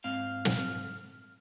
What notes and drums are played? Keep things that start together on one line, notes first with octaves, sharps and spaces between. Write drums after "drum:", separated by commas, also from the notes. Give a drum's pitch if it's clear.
G#2 C4 F5 F6
drum: snare